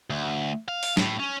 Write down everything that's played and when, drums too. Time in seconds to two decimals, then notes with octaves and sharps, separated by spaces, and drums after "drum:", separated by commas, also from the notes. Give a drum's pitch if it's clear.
0.10 D2
0.68 F5
0.83 drum: open hi-hat
0.97 A2, drum: snare
1.20 C#4